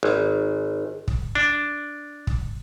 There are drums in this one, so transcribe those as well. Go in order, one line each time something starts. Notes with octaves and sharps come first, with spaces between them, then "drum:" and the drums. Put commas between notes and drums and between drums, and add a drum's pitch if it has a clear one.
G#1
drum: kick
D4
drum: kick